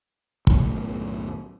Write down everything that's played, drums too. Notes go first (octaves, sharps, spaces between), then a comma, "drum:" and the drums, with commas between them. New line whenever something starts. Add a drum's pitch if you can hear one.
B1 F#2 A2 D#3, drum: kick